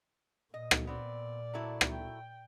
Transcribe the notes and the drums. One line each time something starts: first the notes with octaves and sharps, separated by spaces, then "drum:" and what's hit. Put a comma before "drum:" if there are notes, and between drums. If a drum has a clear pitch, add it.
A#2 D#5
drum: rim click
B3 C4 D5
F#3 A3 E4
drum: rim click
G5